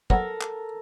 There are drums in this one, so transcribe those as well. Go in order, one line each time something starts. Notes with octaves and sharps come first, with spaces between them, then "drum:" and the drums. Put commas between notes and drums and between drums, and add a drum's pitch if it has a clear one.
F#3 B3 A4 A#4, drum: kick
drum: clap